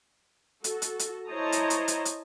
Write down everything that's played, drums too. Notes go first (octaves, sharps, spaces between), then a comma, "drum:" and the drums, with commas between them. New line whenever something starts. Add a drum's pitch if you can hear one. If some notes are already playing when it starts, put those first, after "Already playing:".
F#4 A4, drum: hi-hat
drum: hi-hat
drum: hi-hat
E4 C5 C#5 D#5 A5 A#5
drum: hi-hat
drum: hi-hat
drum: hi-hat
drum: hi-hat